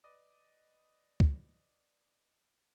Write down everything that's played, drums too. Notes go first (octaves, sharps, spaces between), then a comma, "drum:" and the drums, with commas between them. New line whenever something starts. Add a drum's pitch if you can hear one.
B4 D5 D#5 D6 D#6
drum: kick C#2